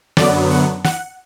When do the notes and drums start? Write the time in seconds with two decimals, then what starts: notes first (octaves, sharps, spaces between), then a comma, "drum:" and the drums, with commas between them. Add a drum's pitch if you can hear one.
0.17 F#2 D3 F#3 B3 D5, drum: snare
0.50 F#5
0.85 F#5, drum: snare